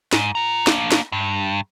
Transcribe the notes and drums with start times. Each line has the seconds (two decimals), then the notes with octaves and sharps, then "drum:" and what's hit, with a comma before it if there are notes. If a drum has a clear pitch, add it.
0.13 G#2, drum: snare
0.35 F4 A#5
0.67 A#3 D4, drum: snare
0.92 drum: snare
1.12 G2